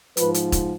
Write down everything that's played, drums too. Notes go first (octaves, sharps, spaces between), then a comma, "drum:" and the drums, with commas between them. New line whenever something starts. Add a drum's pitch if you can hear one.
G#2 F3 B4, drum: hi-hat
drum: hi-hat
drum: kick E1, hi-hat